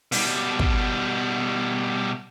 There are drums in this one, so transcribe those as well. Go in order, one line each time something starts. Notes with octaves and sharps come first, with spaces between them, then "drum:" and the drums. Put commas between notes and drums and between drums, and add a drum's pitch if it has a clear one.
B2 G3, drum: open hi-hat
drum: kick